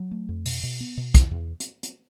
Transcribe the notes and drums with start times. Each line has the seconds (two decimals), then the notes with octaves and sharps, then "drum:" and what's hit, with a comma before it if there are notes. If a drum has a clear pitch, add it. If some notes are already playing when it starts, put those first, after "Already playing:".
Already playing: F#3
0.11 A3
0.29 F2
0.46 B2, drum: open hi-hat
0.63 B2
0.80 B3
0.97 B2
1.14 E2, drum: kick, hi-hat
1.31 E2
1.60 drum: hi-hat
1.83 drum: hi-hat